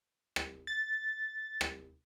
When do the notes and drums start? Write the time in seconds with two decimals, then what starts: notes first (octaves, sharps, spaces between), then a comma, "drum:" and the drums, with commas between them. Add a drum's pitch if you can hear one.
0.36 drum: rim click
0.67 A6
1.61 drum: rim click